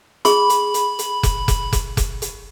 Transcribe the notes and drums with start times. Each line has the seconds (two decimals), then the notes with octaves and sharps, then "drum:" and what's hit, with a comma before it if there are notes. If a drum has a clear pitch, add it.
0.25 G#4 B5 C#6, drum: hi-hat
0.49 drum: hi-hat
0.74 drum: hi-hat
0.99 drum: hi-hat
1.23 drum: kick F1, hi-hat
1.48 drum: kick F1, hi-hat
1.73 drum: kick F1, hi-hat
1.97 drum: kick F1, hi-hat
2.22 drum: hi-hat